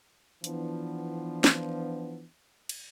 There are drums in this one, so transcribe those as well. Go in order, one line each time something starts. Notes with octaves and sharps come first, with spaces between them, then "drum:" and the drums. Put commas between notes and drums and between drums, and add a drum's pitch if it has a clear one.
E3 F3 B3 D4, drum: hi-hat
drum: snare
drum: cymbal